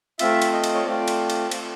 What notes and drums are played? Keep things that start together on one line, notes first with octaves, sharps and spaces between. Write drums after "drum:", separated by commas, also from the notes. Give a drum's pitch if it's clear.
A3 C4 F4 E5, drum: cymbal
drum: cymbal
D#5
drum: cymbal
C#5
A3 C4 F4 D5
drum: cymbal
drum: cymbal
A3 C4 F4, drum: cymbal